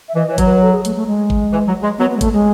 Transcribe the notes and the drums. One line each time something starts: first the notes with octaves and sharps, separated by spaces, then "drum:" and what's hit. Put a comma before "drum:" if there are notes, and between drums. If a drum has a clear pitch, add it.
E5
E3 D#5
E3 C#5
F#3, drum: kick G1, hi-hat
B4
A4
G#4
A3, drum: hi-hat
A3
G#3
drum: kick G1
E3
F#3
G#3
F#3 B3
B3
G#3
A3, drum: kick G1, hi-hat
G#3